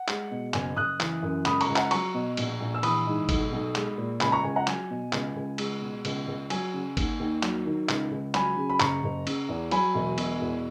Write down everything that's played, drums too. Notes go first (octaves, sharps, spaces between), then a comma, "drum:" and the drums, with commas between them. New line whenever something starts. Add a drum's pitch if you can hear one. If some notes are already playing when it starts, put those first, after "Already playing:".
Already playing: F#5
G#3, drum: clap
B2
F#1 G#5, drum: clap
F#1 D#6 F#6
E3, drum: clap
F#2
C#2 B5 D#6, drum: clap
A#5 C#6, drum: cymbal
C#2
F#5 A#5, drum: clap
F#3 A#5 C#6, drum: cymbal
B2
A#1, drum: cymbal
A#1
E6
E3 B5 D#6, drum: cymbal
G#2
B1, drum: kick G#1, cymbal
B1
G#3, drum: clap
A#2
C#2 G#5 B5, drum: clap
A#5 C#6
C#2 G#5
F#5 A#5
F#3 G#5, drum: clap
B2
C#2, drum: clap
C#2
G#3, drum: cymbal
B2
C#2, drum: cymbal
C#2
F#3 G#5, drum: cymbal
C#3
D#2, drum: kick G#1, cymbal
D#2
F#3, drum: clap
D#3
C#2, drum: clap
C#2
F#3 G#5 B5, drum: clap
C#3
B5
F#1 A#5 C#6, drum: clap
F#1
C#3, drum: cymbal
E2
F#3 G#5 B5, drum: cymbal
E1
B2, drum: cymbal
E2